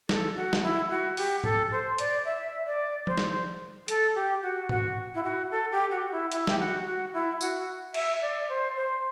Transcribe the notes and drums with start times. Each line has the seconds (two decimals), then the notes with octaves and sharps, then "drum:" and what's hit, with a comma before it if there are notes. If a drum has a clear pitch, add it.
0.09 A4, drum: snare
0.36 F#4
0.53 drum: snare
0.63 E4
0.90 F#4
1.17 G4, drum: open hi-hat
1.44 A4, drum: tom G#2
1.72 C5
1.98 D5, drum: hi-hat
2.25 E5
2.66 D5
3.07 C5, drum: tom F3
3.18 drum: snare
3.88 A4, drum: hi-hat
4.15 G4
4.42 F#4
4.69 F#4, drum: tom G#2
5.15 E4
5.24 F#4
5.51 A4
5.71 G4
5.91 F#4
6.12 E4
6.32 E4, drum: hi-hat
6.47 G4, drum: snare
6.59 F#4
6.86 F#4
7.13 E4
7.41 F#4, drum: tambourine
7.94 E5, drum: cymbal
8.22 D5
8.49 C5
8.76 C5